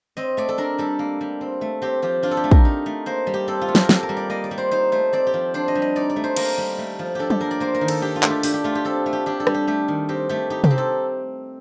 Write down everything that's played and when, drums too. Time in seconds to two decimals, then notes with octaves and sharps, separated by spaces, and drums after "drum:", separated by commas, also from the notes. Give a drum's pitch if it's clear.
0.17 C4 D#5
0.37 A3 D5
0.49 A4
0.58 D4 A#4
0.78 G3 A4
0.99 A#3
1.21 G3
1.41 C4
1.61 A3
1.82 C4 G4
2.02 F3 G4
2.23 D4 F4
2.31 A4
2.37 G4
2.44 A3
2.52 A#4, drum: kick
2.65 D#4
2.86 A3
3.06 A#3 C5
3.27 G3
3.34 G4
3.48 C4 A4
3.61 F4
3.68 A3
3.75 G4, drum: snare
3.83 A#4
3.89 A#3 A4, drum: snare
4.03 A#4
4.09 G3
4.17 D5
4.30 A#3 D#5
4.44 D5
4.51 G3
4.58 C5
4.71 D#4 C5
4.92 A3 C5
5.13 C4 D5
5.27 G4
5.34 F3
5.54 D4 C5
5.68 D#5
5.75 G3
5.82 D#5
5.96 D#4 D5
6.10 D5
6.16 A3
6.24 C5
6.37 A#3 A#4, drum: cymbal
6.58 G3
6.78 A3
6.99 F3
7.15 D4 G4 A4
7.30 G4, drum: tom
7.40 A#3 A#4
7.51 D5
7.60 A#3 C5
7.74 A#4
7.81 D#3
7.88 A4, drum: cymbal
8.02 D4 G4
8.16 F4
8.23 A3 A4, drum: clap
8.30 G4
8.43 D4 G4, drum: open hi-hat
8.54 G4
8.64 A3 F4
8.75 G4
8.85 C4 A4
9.06 A3
9.13 G4
9.26 D4 G4
9.40 A4
9.47 G3, drum: rim click
9.54 G4
9.67 A3 G4
9.88 D#3
10.09 C4 G4
10.29 A3 G4
10.50 D#4 G4
10.64 G4, drum: tom C3
10.70 C4
10.78 A4